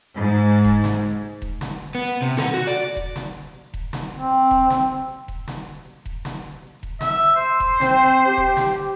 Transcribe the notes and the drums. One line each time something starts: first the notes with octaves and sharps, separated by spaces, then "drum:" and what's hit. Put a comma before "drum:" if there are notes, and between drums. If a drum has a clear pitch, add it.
G#2
drum: kick E1
drum: snare
drum: kick E1
drum: snare
B3
C3
A4 F#5, drum: snare
F#4
D5
drum: kick E1
drum: snare
drum: kick E1
drum: snare
C4
drum: kick E1
drum: snare
drum: kick E1
drum: snare
drum: kick E1
drum: snare
drum: kick E1
E5, drum: snare
C5
drum: kick E1
C4, drum: snare
G4
drum: kick E1
drum: snare